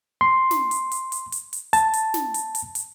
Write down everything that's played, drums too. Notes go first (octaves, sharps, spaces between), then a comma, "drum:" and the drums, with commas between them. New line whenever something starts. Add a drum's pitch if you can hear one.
C6
drum: snare
drum: hi-hat
drum: hi-hat
drum: hi-hat
drum: hi-hat
drum: hi-hat
A5, drum: hi-hat
drum: hi-hat
drum: snare
drum: hi-hat
drum: hi-hat
drum: hi-hat